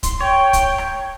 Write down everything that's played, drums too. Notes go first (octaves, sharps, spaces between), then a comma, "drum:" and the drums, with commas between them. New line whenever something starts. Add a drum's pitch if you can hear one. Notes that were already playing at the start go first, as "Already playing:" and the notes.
C6, drum: kick, hi-hat
C#5 G5
drum: kick, hi-hat
drum: rim click